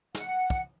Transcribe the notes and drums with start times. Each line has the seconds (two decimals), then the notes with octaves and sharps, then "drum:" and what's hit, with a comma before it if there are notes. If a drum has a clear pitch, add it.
0.15 F#5, drum: snare
0.50 drum: kick